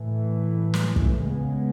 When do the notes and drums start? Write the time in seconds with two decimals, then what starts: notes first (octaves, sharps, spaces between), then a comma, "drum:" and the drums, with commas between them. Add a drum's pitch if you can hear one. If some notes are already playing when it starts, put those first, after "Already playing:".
Already playing: A2 E3 A3
0.74 drum: snare
0.96 drum: kick
1.18 C#3 G#3 B3